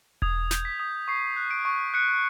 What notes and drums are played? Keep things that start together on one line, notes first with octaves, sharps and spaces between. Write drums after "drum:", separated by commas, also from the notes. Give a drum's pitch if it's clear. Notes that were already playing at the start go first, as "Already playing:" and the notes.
D#6 G#6, drum: kick E1
G6, drum: snare
B6
D#6
C#6 C7
F#6
D7
C#6
F#6 C#7